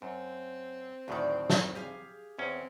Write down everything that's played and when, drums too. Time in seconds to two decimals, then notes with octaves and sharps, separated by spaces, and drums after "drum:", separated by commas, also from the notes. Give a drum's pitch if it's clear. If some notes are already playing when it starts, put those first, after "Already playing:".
0.02 F#2 C4
1.08 D2 A2 D#3 F#3 D5
1.50 drum: snare
1.75 G4 G#4 F5
2.39 E2 C4 C#4